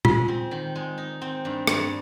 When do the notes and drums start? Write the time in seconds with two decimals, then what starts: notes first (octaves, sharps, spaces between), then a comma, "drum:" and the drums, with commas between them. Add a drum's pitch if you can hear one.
0.05 G#3 F4, drum: tom A#2
0.28 C4
0.51 D#3
0.75 G#3
0.98 D#4
1.22 C4
1.45 G2
1.67 G2, drum: rim click